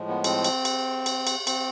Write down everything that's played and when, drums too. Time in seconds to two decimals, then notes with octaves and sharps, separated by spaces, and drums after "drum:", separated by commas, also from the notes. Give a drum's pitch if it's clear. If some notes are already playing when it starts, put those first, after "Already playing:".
Already playing: A2 F3 G#3
0.09 B3
0.24 C4, drum: cymbal
0.44 drum: cymbal
0.65 drum: cymbal
1.06 drum: cymbal
1.27 drum: cymbal
1.47 C4, drum: cymbal